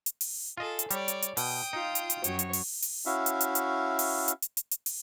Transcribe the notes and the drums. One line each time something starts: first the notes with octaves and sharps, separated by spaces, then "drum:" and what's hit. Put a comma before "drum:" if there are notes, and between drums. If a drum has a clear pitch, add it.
drum: hi-hat
drum: open hi-hat
F4 G#4 A4 D#5
drum: hi-hat
G3 C#5 D5, drum: hi-hat
drum: hi-hat
drum: hi-hat
B2 G5 D#6, drum: open hi-hat
D#4 F4
drum: hi-hat
drum: hi-hat
F#2 F#3 C#5, drum: hi-hat
drum: hi-hat
drum: open hi-hat
drum: open hi-hat
C#4 E4 F#4 E5 F5
drum: hi-hat
drum: hi-hat
drum: hi-hat
drum: open hi-hat
drum: hi-hat
drum: hi-hat
drum: hi-hat
drum: hi-hat
drum: open hi-hat